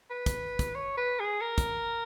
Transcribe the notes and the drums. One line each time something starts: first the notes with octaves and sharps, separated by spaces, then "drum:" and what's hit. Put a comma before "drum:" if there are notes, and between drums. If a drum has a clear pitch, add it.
B4
drum: kick, hi-hat
drum: kick, hi-hat
C#5
B4
G#4
A#4
drum: kick, hi-hat